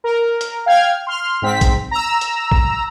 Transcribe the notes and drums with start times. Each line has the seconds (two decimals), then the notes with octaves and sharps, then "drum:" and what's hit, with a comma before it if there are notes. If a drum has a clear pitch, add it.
0.04 A#4
0.41 drum: hi-hat
0.66 F5 G5 F6 G#6
1.07 C6 F6
1.42 G#2 C4 B6
1.61 drum: kick, hi-hat
1.91 A#5 E6
2.21 drum: hi-hat
2.51 drum: kick